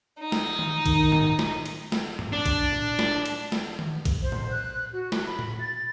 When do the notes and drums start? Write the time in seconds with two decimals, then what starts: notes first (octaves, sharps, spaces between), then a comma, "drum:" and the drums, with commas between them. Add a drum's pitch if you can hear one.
0.20 D#4
0.32 drum: snare
0.59 drum: tom D#3
0.86 D#3, drum: kick A#1, cymbal
1.12 drum: tom G#2
1.39 drum: snare
1.66 drum: cymbal
1.92 drum: snare
2.19 drum: tom G#2
2.32 D4
2.46 drum: kick A#1, cymbal
2.72 drum: tom
2.99 drum: snare
3.25 drum: cymbal
3.52 drum: snare
3.79 drum: tom D#3
4.05 drum: kick A#1, cymbal
4.22 C5
4.32 drum: tom
4.51 F#6
4.93 F#4
5.12 drum: snare
5.25 B5
5.39 drum: tom
5.61 A6